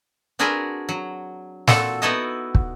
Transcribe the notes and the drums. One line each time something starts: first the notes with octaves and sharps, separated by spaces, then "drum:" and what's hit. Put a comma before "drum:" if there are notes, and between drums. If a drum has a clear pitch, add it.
C4 D4 F#4 G#4 A#4 B4
F#3
A#2 C4 F#4 A4 F#5, drum: snare
B3 D#4 E4 F#4 A4 D#5
drum: kick